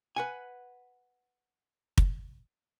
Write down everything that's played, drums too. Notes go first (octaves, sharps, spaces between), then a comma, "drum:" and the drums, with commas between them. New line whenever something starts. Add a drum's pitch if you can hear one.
B4 F#5 G#5
drum: kick